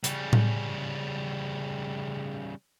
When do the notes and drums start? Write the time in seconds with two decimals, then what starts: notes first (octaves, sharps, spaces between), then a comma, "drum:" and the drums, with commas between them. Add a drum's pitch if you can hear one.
0.04 C#3 G3, drum: hi-hat
0.33 drum: tom A2